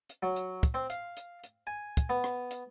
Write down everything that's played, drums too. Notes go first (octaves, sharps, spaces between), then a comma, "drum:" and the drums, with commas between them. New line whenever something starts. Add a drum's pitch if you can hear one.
drum: hi-hat
F#3
drum: hi-hat
drum: kick, hi-hat
C4
F5, drum: hi-hat
drum: hi-hat
drum: hi-hat
G#5
drum: kick, hi-hat
B3
drum: rim click
drum: hi-hat